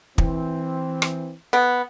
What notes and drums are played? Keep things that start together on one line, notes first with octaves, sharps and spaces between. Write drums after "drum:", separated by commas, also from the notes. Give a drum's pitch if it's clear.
E3 C4, drum: kick
drum: rim click
B3